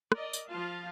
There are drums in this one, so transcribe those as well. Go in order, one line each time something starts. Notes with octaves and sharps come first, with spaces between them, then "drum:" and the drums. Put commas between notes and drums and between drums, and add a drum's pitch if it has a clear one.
A#4 D5 D#5, drum: rim click
drum: tambourine
F3 F4 F5 A5